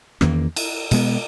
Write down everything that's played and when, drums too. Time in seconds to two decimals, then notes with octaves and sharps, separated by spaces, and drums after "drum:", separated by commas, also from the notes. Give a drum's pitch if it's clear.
0.21 E2 D#3 A#3 C#4, drum: rim click
0.56 drum: cymbal
0.91 B2 G#3 B3, drum: cymbal